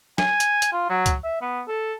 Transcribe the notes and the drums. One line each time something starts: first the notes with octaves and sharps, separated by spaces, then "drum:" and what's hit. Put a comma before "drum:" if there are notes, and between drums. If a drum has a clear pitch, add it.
G#5, drum: snare
drum: hi-hat
drum: hi-hat
F4
F#3
drum: kick, hi-hat
E5
B3
A4